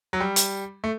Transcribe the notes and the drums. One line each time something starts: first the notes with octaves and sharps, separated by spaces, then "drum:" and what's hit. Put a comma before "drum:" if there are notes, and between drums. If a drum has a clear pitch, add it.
F#3
G3
drum: hi-hat
A3